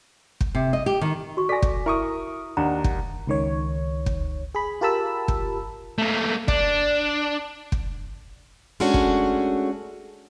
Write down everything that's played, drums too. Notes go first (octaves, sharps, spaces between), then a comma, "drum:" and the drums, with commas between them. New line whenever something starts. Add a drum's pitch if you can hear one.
drum: kick
C3
D#5
G4
D#3
F#4 C#6
A4 D5 G#5 A#6 B6
drum: kick
E4 A#4 C#6 D#6
D#2 D4 F#5 A#5
drum: kick
C#2 D#3 C#5
drum: kick
G#4 B5
F4 G4 A#4 A5 B5 E6
drum: kick
A3 A#3
D4, drum: kick
drum: kick
G#3 A3 C#4 D4 F#4
drum: kick